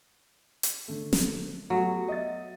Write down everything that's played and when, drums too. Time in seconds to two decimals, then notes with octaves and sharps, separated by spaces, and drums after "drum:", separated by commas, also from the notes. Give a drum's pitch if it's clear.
0.63 drum: hi-hat
0.88 D3 A3
1.13 drum: snare
1.70 F#3 A3 B3 G4
2.08 D#5 E5 A6